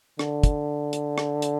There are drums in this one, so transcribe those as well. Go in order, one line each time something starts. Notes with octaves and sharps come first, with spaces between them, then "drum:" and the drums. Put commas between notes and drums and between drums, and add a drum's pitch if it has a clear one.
D3, drum: rim click
drum: kick, hi-hat
drum: hi-hat
drum: rim click
drum: hi-hat